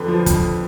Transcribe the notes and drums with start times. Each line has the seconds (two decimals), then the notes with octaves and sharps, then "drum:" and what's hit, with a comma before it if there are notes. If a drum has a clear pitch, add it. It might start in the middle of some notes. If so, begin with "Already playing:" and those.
Already playing: F2 D3 B4
0.08 F3
0.26 F2, drum: kick, hi-hat